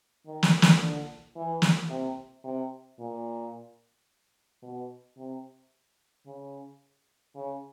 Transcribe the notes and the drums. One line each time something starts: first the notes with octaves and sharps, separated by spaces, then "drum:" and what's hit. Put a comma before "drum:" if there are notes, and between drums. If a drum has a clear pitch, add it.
D#3
drum: snare
drum: snare
D3
E3
drum: snare
C3
C3
A#2
B2
C3
C#3
C#3